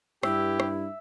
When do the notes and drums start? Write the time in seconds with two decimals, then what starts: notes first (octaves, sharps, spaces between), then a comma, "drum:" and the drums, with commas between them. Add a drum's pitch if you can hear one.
0.23 G2 E4 G4 E5, drum: rim click
0.60 drum: rim click